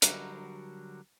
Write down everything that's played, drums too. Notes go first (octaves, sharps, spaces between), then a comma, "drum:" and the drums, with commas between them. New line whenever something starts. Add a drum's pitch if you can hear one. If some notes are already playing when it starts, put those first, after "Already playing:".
D3 F#3 G3 F#4 A#4, drum: hi-hat